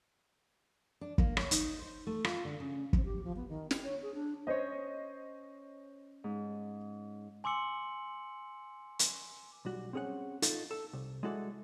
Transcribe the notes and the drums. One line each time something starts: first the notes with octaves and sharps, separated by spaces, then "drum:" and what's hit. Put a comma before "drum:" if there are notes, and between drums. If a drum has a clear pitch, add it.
D4
A#3, drum: kick
C#5, drum: rim click
D#4, drum: hi-hat
C5
A3
F4, drum: rim click
D3
C#3
C4, drum: kick
G4
F3
B3
D#3
E4, drum: snare
C#5
G#4
D4
C#4 C5 C#5 D#5
G#2
G#5 C6 D6 E6 C#7 F#7
drum: hi-hat
B1 G3 F#4
C4 C#4 G#4 C#5 F#5
D#4 F4 A4 F5, drum: hi-hat
A4
C2
G#3 E4 F#4 A4 D5